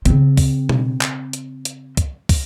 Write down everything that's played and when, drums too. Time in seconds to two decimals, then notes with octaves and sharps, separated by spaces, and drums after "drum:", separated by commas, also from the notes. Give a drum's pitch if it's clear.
0.05 C#3 C4, drum: kick, hi-hat
0.37 drum: kick, open hi-hat
0.69 drum: tom B2
1.01 drum: clap
1.33 drum: hi-hat
1.65 drum: hi-hat
1.97 drum: kick, hi-hat
2.29 drum: kick, open hi-hat